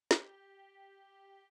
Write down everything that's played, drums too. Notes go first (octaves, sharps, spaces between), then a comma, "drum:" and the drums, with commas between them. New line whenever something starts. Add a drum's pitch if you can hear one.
G4, drum: snare